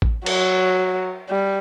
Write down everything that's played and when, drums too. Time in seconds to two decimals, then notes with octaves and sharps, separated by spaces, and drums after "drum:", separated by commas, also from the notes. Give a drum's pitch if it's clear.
0.02 drum: kick A1
0.26 F#3, drum: cymbal
1.30 G3